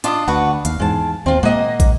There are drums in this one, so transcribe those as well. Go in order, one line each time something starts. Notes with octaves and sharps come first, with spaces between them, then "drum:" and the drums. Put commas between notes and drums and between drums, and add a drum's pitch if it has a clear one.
D4 F4 D#5 D#6, drum: hi-hat
D2 F#4 B4 F#5
D#2 F5, drum: hi-hat
E2 G#2 G#3 A5
D#2 C4 F4
A#2 G#3 A#3 D#5 F#5
drum: kick, hi-hat